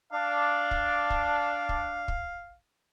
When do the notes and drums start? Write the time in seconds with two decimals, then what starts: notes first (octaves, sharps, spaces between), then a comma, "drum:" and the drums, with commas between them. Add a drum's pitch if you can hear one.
0.12 D4 F5
0.71 drum: kick
1.10 drum: kick
1.69 drum: kick
2.08 drum: kick